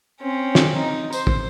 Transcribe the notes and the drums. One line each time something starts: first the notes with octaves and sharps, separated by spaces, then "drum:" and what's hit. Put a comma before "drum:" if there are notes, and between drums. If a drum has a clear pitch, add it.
C4 C#4
drum: snare
D#4
C5, drum: tambourine
drum: kick